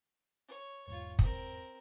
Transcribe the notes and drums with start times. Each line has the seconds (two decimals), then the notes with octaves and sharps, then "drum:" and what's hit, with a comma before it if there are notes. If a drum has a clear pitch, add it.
0.48 C#5
0.88 E1 G#2 F4 C#5
1.19 C4 A#4, drum: kick